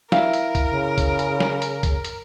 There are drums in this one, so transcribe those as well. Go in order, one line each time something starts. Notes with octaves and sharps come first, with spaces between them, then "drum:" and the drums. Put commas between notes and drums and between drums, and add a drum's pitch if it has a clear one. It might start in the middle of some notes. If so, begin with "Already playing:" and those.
E4 A#4 E5 F5, drum: snare
drum: hi-hat
drum: kick C2, hi-hat
C#3
drum: kick C2, hi-hat
drum: hi-hat
drum: snare
drum: hi-hat
drum: kick C2, hi-hat
drum: hi-hat